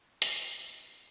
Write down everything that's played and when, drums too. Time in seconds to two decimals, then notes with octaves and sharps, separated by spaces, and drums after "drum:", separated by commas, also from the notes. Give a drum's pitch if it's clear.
0.22 D#2 C4 E4 F#4 B4 E5, drum: hi-hat